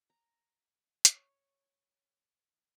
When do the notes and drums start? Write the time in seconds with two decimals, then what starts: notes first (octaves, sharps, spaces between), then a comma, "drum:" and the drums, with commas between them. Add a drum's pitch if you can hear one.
0.10 A#5
1.05 C#5, drum: hi-hat